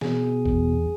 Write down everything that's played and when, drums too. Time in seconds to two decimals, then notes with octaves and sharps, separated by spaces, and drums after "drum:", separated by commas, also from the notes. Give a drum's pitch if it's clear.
0.01 B2 G#4, drum: snare
0.46 E2, drum: kick G1